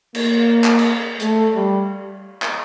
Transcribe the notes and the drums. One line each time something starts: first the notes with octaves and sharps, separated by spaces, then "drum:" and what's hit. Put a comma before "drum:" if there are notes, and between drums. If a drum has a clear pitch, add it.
A#3, drum: cymbal
drum: clap
drum: cymbal
A3, drum: hi-hat
G3
drum: clap